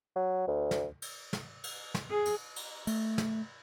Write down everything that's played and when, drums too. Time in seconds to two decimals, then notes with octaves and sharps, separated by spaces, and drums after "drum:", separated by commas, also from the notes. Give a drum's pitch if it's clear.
0.16 F#3
0.48 D2
0.71 drum: snare
1.02 drum: cymbal
1.33 drum: snare
1.64 drum: cymbal
1.95 drum: snare
2.10 G#4
2.25 drum: cymbal
2.56 drum: cymbal
2.87 A3, drum: cymbal
3.18 drum: snare